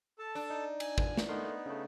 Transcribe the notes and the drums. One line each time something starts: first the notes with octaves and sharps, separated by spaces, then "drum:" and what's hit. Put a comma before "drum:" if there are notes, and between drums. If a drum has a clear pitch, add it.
A4 A5
D4
D#4
G#5, drum: cymbal
drum: kick G#1
drum: snare
A3 B3 D#4 A#4 C6
C#3 A3